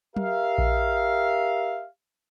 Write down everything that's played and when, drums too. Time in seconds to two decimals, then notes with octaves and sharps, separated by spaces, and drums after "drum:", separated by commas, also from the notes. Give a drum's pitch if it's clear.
0.16 G4 A#4 E5 F5, drum: tom F#3
0.58 drum: kick A#1